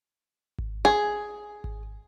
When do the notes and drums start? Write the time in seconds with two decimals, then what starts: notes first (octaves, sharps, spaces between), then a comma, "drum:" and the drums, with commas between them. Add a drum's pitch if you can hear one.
0.58 drum: kick G#1
0.85 G#4
1.64 drum: kick G#1